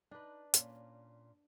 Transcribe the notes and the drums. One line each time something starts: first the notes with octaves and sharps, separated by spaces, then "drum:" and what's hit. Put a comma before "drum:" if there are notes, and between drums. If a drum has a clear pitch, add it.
D4 D#4 B4
A#2 C#4, drum: hi-hat